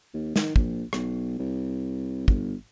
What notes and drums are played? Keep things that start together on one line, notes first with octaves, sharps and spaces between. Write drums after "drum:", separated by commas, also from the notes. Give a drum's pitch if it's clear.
D#2
D#3, drum: snare
A#1, drum: kick
B1, drum: rim click
C2
G1, drum: kick